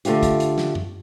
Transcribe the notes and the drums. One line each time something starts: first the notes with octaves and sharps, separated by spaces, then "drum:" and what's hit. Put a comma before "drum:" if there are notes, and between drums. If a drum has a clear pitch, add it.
D3 A3 D4 F4 G4, drum: hi-hat
drum: kick, hi-hat
drum: hi-hat
drum: snare
drum: tom F#2